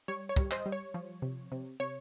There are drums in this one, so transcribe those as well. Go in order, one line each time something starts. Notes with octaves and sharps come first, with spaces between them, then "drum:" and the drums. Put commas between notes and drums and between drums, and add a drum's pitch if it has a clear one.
G3 C#5
C#5
G3, drum: kick
C5 D#5, drum: clap
G3
C#5
F3
C3
C3
C3 C#5